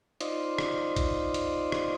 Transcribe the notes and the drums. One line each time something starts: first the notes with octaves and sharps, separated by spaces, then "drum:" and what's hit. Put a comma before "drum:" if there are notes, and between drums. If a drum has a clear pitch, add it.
D#4 F4 C5 D5 D#5, drum: hi-hat
drum: rim click
drum: kick, hi-hat
drum: hi-hat
drum: rim click